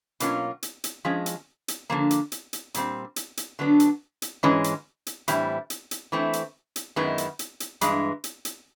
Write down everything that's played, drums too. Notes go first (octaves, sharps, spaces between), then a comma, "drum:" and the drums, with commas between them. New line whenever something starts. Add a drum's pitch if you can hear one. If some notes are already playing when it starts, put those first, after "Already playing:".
B2 F#3 A#3 C#4 F4, drum: hi-hat
drum: hi-hat
drum: hi-hat
F3 G#3 C#4
drum: hi-hat
drum: hi-hat
D3 F3 A#3
drum: hi-hat
drum: hi-hat
drum: hi-hat
A#2 G3 C4, drum: hi-hat
drum: hi-hat
drum: hi-hat
D3 F#3 B3 D4
drum: hi-hat
drum: hi-hat
G#2 E3 G#3 C#4
drum: hi-hat
drum: hi-hat
A2 E3 G3 C4 E4, drum: hi-hat
drum: hi-hat
drum: hi-hat
E3 A3 C4 E4
drum: hi-hat
drum: hi-hat
F#2 D#3 G#3 B3 E4
drum: hi-hat
drum: hi-hat
drum: hi-hat
G2 E3 G#3, drum: hi-hat
drum: hi-hat
drum: hi-hat